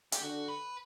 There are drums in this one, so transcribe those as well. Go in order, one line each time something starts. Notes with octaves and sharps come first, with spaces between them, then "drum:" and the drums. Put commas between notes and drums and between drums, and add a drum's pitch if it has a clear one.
G4, drum: hi-hat
D3 F#4
B4